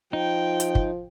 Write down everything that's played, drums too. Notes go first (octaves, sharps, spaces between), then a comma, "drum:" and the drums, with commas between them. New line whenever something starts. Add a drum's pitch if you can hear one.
F3 D#4 G5
drum: hi-hat
drum: kick